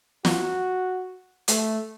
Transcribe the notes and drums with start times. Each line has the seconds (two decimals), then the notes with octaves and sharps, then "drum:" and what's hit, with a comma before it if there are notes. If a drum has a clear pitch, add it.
0.25 F#4, drum: snare
1.48 A3, drum: hi-hat